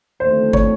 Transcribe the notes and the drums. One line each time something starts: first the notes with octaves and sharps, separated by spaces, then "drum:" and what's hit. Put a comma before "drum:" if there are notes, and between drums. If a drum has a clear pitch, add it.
D#2 D3 F3 A3 C4 C5
C#5, drum: kick